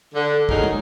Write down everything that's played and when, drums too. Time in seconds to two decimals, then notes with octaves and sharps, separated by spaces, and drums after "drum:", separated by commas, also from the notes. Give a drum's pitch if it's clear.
0.15 D3
0.49 D#2 A2 F#3 D#4 G#4 A#4, drum: kick
0.64 drum: tom